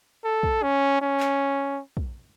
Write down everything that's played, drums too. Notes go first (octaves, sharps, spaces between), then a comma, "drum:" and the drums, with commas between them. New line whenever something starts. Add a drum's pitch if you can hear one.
A4
drum: kick
C#4
C#4
drum: clap
drum: kick